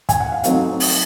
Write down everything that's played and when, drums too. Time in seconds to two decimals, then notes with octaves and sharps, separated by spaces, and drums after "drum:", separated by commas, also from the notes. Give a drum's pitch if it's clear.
0.09 G#5, drum: kick, hi-hat
0.20 F#5
0.32 F5
0.44 F#3 A3 C4 D#4 F5, drum: hi-hat
0.80 drum: open hi-hat